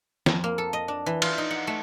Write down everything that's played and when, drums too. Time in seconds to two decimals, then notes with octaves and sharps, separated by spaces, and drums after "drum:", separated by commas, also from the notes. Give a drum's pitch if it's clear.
0.26 F2, drum: snare
0.44 A#3
0.58 A4
0.73 D#5
0.88 D4
1.06 E3
1.22 F4, drum: cymbal
1.38 D#4
1.51 F#5
1.67 A3